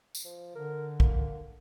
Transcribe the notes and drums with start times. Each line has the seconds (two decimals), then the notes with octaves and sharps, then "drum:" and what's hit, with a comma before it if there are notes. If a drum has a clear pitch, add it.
0.15 drum: tambourine
0.25 F3
0.55 D3 A#4
1.00 A#3, drum: kick